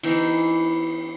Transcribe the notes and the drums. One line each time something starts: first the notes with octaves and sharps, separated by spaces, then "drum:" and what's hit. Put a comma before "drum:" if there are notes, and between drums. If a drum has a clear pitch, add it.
E3 B3 D#4, drum: cymbal